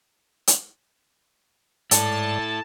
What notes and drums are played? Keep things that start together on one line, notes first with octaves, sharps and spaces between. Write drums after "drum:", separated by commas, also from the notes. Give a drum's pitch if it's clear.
drum: hi-hat
G#2 E4 A4 D5 A5, drum: hi-hat